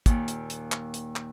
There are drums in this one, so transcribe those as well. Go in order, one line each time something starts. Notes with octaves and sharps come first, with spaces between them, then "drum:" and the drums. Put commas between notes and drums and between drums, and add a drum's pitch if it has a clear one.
D#2 A#2, drum: kick, hi-hat
drum: hi-hat
drum: hi-hat
drum: clap
drum: hi-hat
drum: clap